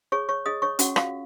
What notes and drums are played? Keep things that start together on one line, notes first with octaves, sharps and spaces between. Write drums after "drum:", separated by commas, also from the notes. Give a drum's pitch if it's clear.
G#4 C#5 C#6
C#5 C#6
G#4 D#5 D#6
C#5 C#6
C#4 F#4 F#5, drum: hi-hat
F4 F5, drum: rim click